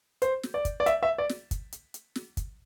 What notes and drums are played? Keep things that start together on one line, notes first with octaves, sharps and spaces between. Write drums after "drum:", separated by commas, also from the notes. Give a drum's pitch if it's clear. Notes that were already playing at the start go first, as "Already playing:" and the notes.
C5, drum: hi-hat
drum: snare
D5
drum: kick, hi-hat
D5
E5, drum: hi-hat
E5
D5
drum: snare
drum: kick, hi-hat
drum: hi-hat
drum: hi-hat
drum: snare
drum: kick, hi-hat